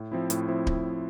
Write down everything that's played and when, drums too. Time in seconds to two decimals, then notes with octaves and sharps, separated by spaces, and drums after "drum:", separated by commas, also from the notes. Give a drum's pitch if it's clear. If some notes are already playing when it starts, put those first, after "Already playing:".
Already playing: A2
0.12 F3 C4 E4
0.30 A2, drum: hi-hat
0.49 F3 C4 E4
0.67 drum: kick D1